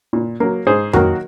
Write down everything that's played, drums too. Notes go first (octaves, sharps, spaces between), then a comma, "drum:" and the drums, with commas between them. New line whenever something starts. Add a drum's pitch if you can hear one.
A#2
F#3 A#3
G#2 G#4 C5
D#3 F#3 A#3 F#4 A#4, drum: tom F2